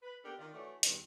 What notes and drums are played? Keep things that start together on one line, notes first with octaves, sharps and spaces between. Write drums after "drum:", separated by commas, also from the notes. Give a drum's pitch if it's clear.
B4
B3 D4 G4 A4 A#4
D#3 F4 D5
E3 A3 D4 F#4 C#5 D5
E2 G2 A#2 D#3, drum: hi-hat